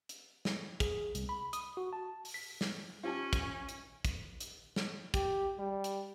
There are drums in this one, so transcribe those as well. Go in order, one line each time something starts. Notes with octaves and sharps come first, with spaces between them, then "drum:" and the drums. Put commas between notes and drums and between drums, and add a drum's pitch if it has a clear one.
drum: hi-hat
drum: snare
G#4, drum: kick, hi-hat
C2, drum: hi-hat
B5
D#6, drum: hi-hat
F#4
A5
drum: open hi-hat
B6
drum: snare
C#4 F4 G4 A5
drum: kick, hi-hat
drum: hi-hat
drum: kick, hi-hat
drum: hi-hat
drum: snare
G4, drum: kick, hi-hat
G3
drum: hi-hat